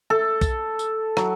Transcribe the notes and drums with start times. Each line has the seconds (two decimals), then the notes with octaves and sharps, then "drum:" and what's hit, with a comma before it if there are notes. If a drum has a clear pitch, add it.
0.10 A4
0.41 drum: kick B1, tambourine
0.79 drum: tambourine
1.17 F#3, drum: rim click